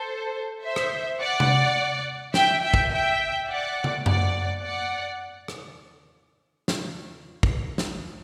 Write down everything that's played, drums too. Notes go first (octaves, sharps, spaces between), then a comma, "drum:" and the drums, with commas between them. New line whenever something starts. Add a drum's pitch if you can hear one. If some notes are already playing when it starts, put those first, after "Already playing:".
Already playing: A4 C5
C5 E5
drum: rim click
D5 F#5
drum: tom C3
E5 G5, drum: snare
E5 G5
drum: kick
E5 G5
D5 F#5
drum: tom
D5 F#5, drum: tom F#2
D5 F#5
drum: rim click
drum: snare
drum: kick
drum: snare